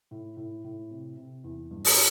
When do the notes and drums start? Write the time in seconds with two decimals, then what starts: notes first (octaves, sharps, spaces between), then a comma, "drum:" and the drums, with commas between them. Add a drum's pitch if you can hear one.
0.11 A2
0.37 A2
0.64 A2
0.90 C3
1.17 C3
1.44 E2
1.71 G2
1.85 drum: open hi-hat